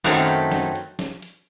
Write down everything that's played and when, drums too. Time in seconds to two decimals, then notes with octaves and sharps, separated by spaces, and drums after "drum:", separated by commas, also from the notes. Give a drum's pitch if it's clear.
0.04 F#2 D#3 F#3 A3 C4, drum: snare
0.28 drum: hi-hat
0.52 drum: snare
0.75 drum: hi-hat
0.99 drum: snare
1.22 drum: hi-hat